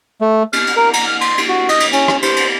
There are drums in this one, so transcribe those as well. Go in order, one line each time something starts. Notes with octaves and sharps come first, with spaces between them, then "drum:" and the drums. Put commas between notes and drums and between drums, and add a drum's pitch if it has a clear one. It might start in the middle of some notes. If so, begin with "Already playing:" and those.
A3
F6, drum: cymbal
drum: cymbal
A#4
A#5, drum: cymbal
F6
C6, drum: cymbal
drum: cymbal
F#4
D#5, drum: cymbal
drum: cymbal
C#4, drum: cymbal
drum: rim click
C5, drum: cymbal
drum: cymbal